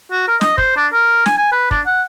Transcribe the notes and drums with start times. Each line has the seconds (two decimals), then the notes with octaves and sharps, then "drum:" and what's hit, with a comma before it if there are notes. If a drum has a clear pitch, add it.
0.11 F#4
0.28 A#4
0.41 D#5, drum: snare
0.58 C5, drum: kick
0.77 D4
0.93 A#4
1.26 G#5, drum: snare
1.37 G#5
1.52 B4
1.71 D4, drum: kick
1.86 F#5